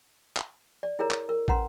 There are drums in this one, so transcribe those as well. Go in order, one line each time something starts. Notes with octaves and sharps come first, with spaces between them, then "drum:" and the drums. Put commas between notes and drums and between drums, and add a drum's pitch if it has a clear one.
drum: clap
D5
E4 G#4 A#4 C#5 A#5
drum: clap
A#4
C#4 B4 F#5 A#5 C6, drum: kick